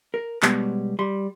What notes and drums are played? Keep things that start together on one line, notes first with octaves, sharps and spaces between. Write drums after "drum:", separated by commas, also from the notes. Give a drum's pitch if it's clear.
A#4
B2 G3 G#3 B3 C#5, drum: clap
G3 C6